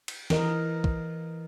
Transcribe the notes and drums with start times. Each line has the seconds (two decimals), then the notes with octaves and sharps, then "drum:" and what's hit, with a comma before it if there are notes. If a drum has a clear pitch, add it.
0.08 drum: cymbal
0.30 E3 A#4 D#5, drum: snare
0.84 drum: kick